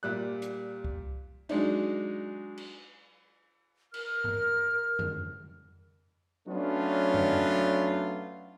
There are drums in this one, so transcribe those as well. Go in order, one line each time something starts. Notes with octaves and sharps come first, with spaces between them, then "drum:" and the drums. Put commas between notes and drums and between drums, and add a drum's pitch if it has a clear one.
A#2 G3 F#6
drum: hi-hat
drum: kick C2
F#3 G#3 D4 D#4, drum: cymbal
drum: cymbal
A#4 F6, drum: cymbal
drum: tom G2
drum: tom F2
F#3 A3 B3 C#4 D4 F4
drum: tom F2